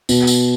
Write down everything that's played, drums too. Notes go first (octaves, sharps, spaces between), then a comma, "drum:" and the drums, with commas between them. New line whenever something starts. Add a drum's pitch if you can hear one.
B2, drum: tambourine
drum: tambourine